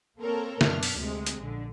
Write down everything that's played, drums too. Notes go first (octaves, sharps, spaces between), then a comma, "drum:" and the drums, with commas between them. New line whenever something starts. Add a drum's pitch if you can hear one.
A#3 C4 A4 A#4 C#5
F#2 B2 D4 F6, drum: snare
drum: open hi-hat
D2 C3 G#3
drum: hi-hat
A#1 D3